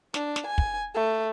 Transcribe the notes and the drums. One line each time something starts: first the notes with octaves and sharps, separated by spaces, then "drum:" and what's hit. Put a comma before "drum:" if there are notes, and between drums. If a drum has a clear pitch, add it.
D4, drum: snare
drum: snare
G#5
drum: kick
A3